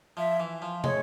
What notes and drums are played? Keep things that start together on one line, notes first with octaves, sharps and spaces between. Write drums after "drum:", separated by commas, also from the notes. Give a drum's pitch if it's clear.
F3 E5
E3
F3
G#3 C#5, drum: tom